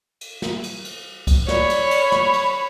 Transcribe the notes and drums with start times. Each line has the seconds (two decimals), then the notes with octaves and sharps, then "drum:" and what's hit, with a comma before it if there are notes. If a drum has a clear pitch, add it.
0.21 drum: cymbal
0.42 drum: snare
0.63 drum: cymbal
0.85 drum: cymbal
1.27 drum: kick C#2, cymbal
1.48 C#5 D5 B5, drum: snare
1.70 drum: cymbal
1.91 drum: cymbal
2.12 drum: snare
2.33 drum: cymbal